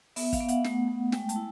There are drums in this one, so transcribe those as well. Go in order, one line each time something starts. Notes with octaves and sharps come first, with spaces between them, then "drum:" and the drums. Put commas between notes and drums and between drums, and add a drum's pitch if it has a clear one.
B3 E5, drum: open hi-hat
F5, drum: kick, hi-hat
B3
F#5, drum: hi-hat
A3, drum: snare
A3
G#3 G5, drum: snare
A5, drum: hi-hat
E4